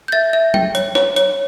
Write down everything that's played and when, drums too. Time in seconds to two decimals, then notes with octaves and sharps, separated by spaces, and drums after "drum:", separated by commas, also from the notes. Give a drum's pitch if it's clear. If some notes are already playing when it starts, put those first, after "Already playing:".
0.08 G6
0.12 E5 A6
0.33 E5
0.54 G5, drum: tom F#3
0.75 C#5, drum: hi-hat
0.95 C#5, drum: snare
1.16 C#5, drum: hi-hat